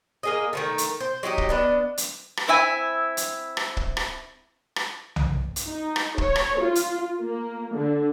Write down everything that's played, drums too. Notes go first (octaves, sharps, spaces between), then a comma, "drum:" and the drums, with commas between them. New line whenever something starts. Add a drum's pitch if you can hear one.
A#3 G#4 D#5
D#3 F3 A3
drum: hi-hat
C5
F#3 D#4 G4 D#5
drum: kick
B3 D4 D#5
drum: hi-hat
drum: rim click
C4 E4 E5 G#5
drum: hi-hat
drum: rim click
drum: kick
drum: rim click
drum: rim click
drum: tom B1
drum: hi-hat
D#4
drum: rim click
C#5, drum: kick
drum: rim click
F4
drum: hi-hat
A#3
D3